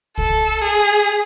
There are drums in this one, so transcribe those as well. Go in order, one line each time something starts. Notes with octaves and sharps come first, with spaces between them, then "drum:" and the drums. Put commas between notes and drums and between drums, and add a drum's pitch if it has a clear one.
A4, drum: kick C2
G#4